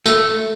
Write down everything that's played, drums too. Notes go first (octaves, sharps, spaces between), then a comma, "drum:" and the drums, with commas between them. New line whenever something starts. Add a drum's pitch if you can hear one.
A3, drum: tambourine